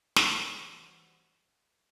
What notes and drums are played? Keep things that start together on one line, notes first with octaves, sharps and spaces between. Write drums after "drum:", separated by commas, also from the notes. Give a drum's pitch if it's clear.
E3 G3 F#4 C5 F#5 C6, drum: snare